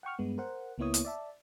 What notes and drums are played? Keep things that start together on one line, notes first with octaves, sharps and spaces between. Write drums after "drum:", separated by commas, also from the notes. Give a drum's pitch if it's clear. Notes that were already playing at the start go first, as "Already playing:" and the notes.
F#5 G5 C#6 F6
G2 G#3 B3
A#4 C5 F#5
C#2 A#3 B3 E4 C#5 D#6
drum: hi-hat
D5 E5 A5